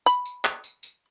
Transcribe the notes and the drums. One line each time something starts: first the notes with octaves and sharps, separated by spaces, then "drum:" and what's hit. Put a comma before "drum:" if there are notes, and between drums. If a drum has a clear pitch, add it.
B5, drum: tambourine
drum: tambourine
drum: clap
drum: tambourine
drum: tambourine